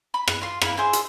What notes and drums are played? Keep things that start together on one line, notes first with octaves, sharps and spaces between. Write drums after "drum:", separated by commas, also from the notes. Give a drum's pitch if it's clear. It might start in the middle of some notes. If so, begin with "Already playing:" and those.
B5
F#6, drum: rim click
F4 C6
A#3 E4 B4 B5, drum: rim click
E4 G#4 C5
drum: hi-hat